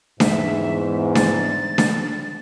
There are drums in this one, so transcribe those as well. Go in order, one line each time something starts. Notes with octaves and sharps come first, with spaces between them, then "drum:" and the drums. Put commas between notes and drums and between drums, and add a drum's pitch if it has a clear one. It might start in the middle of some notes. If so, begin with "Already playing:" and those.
E2 G#2 E5, drum: snare D4
A6, drum: snare D4
drum: snare D4